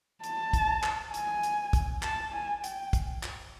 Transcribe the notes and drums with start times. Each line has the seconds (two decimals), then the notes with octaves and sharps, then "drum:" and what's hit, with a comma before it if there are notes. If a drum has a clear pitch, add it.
0.24 A5, drum: hi-hat
0.53 drum: kick, hi-hat
0.83 drum: clap
1.14 G#5, drum: hi-hat
1.43 drum: hi-hat
1.73 drum: kick, hi-hat
2.03 A5, drum: clap
2.33 G#5
2.64 G5, drum: hi-hat
2.93 drum: kick, hi-hat
3.23 drum: clap